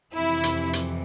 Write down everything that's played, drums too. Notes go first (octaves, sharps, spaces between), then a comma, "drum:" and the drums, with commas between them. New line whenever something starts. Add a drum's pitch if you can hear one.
F2 C3 E3 E4
drum: hi-hat
drum: hi-hat